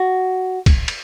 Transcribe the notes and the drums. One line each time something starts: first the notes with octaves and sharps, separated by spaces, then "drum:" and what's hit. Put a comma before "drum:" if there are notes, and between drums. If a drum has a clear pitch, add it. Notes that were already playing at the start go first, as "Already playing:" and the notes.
Already playing: F#4
drum: kick, cymbal
drum: cymbal